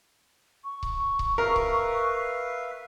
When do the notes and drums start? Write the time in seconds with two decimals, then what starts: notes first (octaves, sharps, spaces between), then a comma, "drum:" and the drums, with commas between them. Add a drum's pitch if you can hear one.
0.64 C#6
0.83 drum: kick C#1
1.19 drum: kick C#1
1.38 A#4 B4 E5 F5
1.56 drum: kick C#1